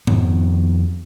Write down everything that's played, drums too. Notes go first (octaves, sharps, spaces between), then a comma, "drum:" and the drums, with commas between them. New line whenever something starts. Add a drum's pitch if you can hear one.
F2 D#3 B3, drum: tom G#2